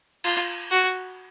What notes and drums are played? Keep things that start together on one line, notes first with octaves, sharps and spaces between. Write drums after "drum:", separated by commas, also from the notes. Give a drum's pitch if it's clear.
F4, drum: cymbal
F#4